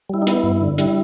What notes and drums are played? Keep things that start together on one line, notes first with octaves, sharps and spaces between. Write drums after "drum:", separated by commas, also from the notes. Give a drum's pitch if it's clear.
G3 E4
D#4
B3 E4, drum: hi-hat
G2
D3
G3 E4, drum: hi-hat